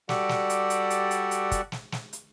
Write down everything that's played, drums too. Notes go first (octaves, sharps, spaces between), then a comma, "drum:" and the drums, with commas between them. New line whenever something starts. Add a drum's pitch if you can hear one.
G3 F#4 G4 A4 D5 F#5, drum: snare
drum: snare
drum: hi-hat
drum: hi-hat
drum: hi-hat
drum: hi-hat
drum: hi-hat
drum: kick, hi-hat
drum: snare
drum: snare
drum: hi-hat